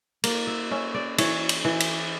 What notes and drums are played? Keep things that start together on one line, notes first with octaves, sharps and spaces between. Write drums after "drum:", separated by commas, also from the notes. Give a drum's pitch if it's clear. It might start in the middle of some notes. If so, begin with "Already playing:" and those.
A#3, drum: cymbal
E5
C#4 E5
D5
E3 C#5, drum: cymbal
drum: cymbal
E3
drum: cymbal